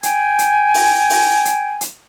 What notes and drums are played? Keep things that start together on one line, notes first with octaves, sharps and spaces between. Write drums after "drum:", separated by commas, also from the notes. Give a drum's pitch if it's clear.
G5 G#5, drum: hi-hat
drum: hi-hat
drum: open hi-hat
drum: open hi-hat
drum: hi-hat
drum: hi-hat